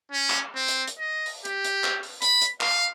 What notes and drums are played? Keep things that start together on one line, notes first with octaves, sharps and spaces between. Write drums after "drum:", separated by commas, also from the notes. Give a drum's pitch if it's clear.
C#4
drum: clap
C4
drum: hi-hat
drum: hi-hat
D#5
drum: open hi-hat
G4, drum: hi-hat
drum: hi-hat
drum: clap
drum: open hi-hat
B5, drum: hi-hat
drum: hi-hat
F5, drum: clap